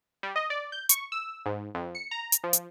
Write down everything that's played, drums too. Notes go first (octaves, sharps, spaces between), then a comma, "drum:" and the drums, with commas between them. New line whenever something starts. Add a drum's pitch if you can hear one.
G3
D#5
D5
G6
C#6, drum: hi-hat
E6
G#2
F2
C#7
A#5
drum: hi-hat
F3
drum: hi-hat